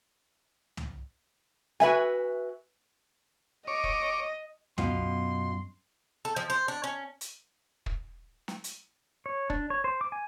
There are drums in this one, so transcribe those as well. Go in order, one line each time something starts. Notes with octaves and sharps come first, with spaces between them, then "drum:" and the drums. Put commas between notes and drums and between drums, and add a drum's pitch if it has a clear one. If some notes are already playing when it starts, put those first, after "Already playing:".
drum: tom
F#4 B4 E5 G#5, drum: snare
C#5 D#5 D6
drum: kick
F#2 B2 F4 C6, drum: tom
A4
F3
C5
D4
C#4
drum: hi-hat
drum: kick
drum: snare
drum: hi-hat
C#5
D4, drum: kick
C#5
C5
D6
G#5